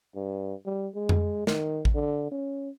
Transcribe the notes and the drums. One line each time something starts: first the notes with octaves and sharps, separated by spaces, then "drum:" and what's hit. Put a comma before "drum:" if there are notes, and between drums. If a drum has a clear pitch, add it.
G2
G3
G#3
drum: tom F2
D#3, drum: snare
drum: kick A1
D3
C#4